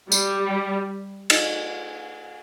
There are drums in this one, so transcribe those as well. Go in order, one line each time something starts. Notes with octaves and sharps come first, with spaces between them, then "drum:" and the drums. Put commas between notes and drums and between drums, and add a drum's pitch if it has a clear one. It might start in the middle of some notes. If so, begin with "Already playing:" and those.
G3, drum: tambourine
drum: cymbal